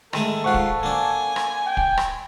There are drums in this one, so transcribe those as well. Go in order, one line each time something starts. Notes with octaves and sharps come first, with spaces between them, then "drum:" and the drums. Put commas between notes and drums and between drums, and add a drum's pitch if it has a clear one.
D#3 G#3 A3 A4, drum: rim click
G#2 F4 F#5 C#6
drum: kick
A#3 D4 G#5
drum: rim click
G5
drum: kick
drum: rim click